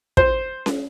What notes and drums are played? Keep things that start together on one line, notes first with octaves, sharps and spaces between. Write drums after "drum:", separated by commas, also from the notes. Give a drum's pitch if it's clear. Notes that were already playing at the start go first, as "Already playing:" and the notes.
C5, drum: kick
drum: snare C#4